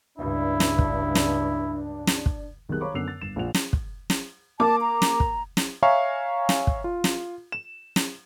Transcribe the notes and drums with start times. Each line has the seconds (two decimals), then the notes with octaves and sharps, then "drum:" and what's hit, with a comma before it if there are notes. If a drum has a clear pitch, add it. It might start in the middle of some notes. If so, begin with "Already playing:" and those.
0.18 C#2 G2 D4 E4
0.60 drum: snare
0.79 drum: kick
1.15 drum: snare
2.07 drum: snare
2.26 drum: kick
2.69 B1 D#3 G3 B3 G#4 F#6
2.81 C#5 F5 A#5 B5 C#6 D6
2.94 F#2 D3 B3 E6 C7 F7
3.08 A6
3.22 G1 E7
3.36 A#1 F3 F4 F#5 F7
3.54 drum: snare
3.73 drum: kick
4.10 drum: snare
4.60 A#3 A5 D6
4.81 A#5
5.02 drum: snare
5.20 drum: kick
5.57 drum: snare
5.83 C#5 E5 F5 G#5 A#5 C#6
6.49 drum: snare
6.67 drum: kick
6.84 F4
7.04 drum: snare
7.52 E7
7.96 drum: snare